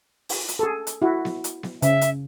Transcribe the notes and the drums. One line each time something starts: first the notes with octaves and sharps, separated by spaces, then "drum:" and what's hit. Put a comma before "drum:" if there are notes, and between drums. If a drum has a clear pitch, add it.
drum: open hi-hat
drum: hi-hat
G#4 A4
drum: hi-hat
E4 F#4
drum: snare B3
drum: hi-hat
drum: snare B3
C#3 E5, drum: hi-hat
drum: hi-hat